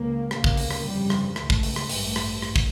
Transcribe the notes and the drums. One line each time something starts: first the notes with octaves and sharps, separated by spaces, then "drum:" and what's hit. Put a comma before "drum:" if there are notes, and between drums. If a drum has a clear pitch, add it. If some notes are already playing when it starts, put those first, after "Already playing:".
Already playing: C#2 C#3 A#3
D2 C#3 A#3, drum: rim click
drum: kick
drum: open hi-hat
drum: rim click
G1 F2 C#3 G3
drum: rim click
C#2 C#3 A3, drum: rim click
drum: kick
drum: open hi-hat
drum: rim click
A1 G2 A3, drum: open hi-hat
drum: rim click
drum: rim click
drum: kick